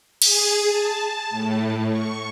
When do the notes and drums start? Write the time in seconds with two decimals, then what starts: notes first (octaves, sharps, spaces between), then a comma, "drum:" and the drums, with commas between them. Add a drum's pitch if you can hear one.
0.22 G#4, drum: cymbal
0.65 A5
1.30 A2
1.90 C#6